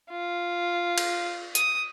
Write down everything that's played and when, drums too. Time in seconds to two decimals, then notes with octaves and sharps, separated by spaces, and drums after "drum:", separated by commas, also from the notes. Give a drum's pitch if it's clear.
0.10 F4
0.98 drum: cymbal
1.55 D#6, drum: hi-hat